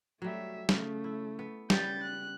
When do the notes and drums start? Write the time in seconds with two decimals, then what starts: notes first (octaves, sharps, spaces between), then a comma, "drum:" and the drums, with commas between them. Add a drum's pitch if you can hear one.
0.22 F#3 G3 A3 E5
0.69 C#3 A3, drum: snare
1.04 E4
1.39 B3
1.70 C#3 G3 B3 G6 A6, drum: snare
2.04 F#6